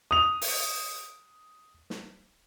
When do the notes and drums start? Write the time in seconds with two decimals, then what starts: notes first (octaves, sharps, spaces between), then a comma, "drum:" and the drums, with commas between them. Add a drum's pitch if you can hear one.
0.11 D#6 F7
0.42 drum: open hi-hat
1.90 drum: snare